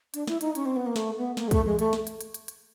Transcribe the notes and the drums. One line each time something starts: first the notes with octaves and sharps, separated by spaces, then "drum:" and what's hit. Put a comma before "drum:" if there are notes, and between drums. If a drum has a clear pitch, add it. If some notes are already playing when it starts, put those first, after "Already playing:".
D4, drum: hi-hat
E4, drum: snare
D#4, drum: hi-hat
C#4, drum: hi-hat
C4
B3
A#3
A3, drum: snare
B3
A#3, drum: snare
G#3
A3, drum: kick, hi-hat
G#3, drum: tom E3
A3, drum: hi-hat
drum: snare
drum: hi-hat
drum: hi-hat
drum: hi-hat
drum: hi-hat